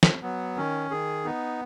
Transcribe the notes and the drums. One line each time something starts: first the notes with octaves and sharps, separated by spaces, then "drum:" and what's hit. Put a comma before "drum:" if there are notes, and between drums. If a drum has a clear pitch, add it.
drum: snare
F#3 B3
D#3 C#4
D#3 G#4
B3 D#4